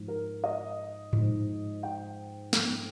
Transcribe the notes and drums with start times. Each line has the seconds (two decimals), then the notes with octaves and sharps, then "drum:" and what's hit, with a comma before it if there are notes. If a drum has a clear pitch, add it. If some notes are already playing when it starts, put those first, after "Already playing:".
Already playing: G#2 F3
0.08 A#4
0.44 D#5
1.13 G#2 F3, drum: tom G#2
1.83 G5
2.53 G#2 F3, drum: snare